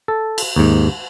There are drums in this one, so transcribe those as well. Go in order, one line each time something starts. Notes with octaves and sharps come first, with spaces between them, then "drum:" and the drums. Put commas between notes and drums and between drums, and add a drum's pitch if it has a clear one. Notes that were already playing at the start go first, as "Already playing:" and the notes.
A4
drum: cymbal
D#2 G#2